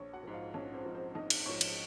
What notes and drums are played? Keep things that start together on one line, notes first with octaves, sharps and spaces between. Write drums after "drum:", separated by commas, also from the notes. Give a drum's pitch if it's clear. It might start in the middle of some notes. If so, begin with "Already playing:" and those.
Already playing: A#1 C#5 C#6
F#4 F#5
G#2 F3
F4 F5
A#1 C#4 C#5
C4 C5
G#2 F3
C4 C5
A#1 D#4 D#5
drum: cymbal
G#2 F3 C#5 C#6
drum: cymbal